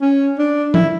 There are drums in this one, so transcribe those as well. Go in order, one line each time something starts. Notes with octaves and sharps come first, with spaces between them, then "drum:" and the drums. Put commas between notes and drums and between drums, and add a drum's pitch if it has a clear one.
C#4
D4
E4, drum: tom